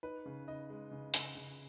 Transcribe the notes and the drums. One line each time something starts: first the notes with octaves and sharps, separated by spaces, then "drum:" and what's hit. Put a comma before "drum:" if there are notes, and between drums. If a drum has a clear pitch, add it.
D#4 B4
C#3
D#4 D#5
G#3
C#3
C#3, drum: hi-hat
C#3